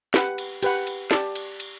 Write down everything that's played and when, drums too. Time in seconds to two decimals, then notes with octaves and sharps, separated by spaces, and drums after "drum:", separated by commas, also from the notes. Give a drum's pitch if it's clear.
0.14 G4 B4 F#5, drum: snare
0.38 drum: cymbal
0.63 G4 B4 F#5, drum: cymbal
0.87 drum: cymbal
1.11 G4 D5 A5, drum: snare
1.35 drum: cymbal
1.60 drum: cymbal